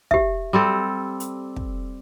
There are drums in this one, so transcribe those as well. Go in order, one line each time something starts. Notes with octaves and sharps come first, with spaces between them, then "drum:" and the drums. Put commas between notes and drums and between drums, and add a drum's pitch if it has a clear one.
G4 E5, drum: kick
G3 C4 A4
drum: hi-hat
drum: kick